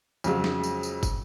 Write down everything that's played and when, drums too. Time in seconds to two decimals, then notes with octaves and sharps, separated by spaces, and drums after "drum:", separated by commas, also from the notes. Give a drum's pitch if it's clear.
0.24 F2 C#3 F#3 G#3, drum: tambourine
0.44 drum: snare
0.64 drum: tambourine
0.83 drum: tambourine
1.03 drum: kick, tambourine